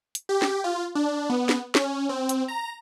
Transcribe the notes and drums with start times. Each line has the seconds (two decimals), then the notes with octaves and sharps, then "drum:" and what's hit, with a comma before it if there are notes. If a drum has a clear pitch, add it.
0.15 drum: hi-hat
0.29 G4
0.42 drum: snare
0.64 F4
0.95 D4
1.30 B3
1.49 drum: snare
1.75 C#4, drum: snare
2.09 C4
2.29 drum: hi-hat
2.48 A#5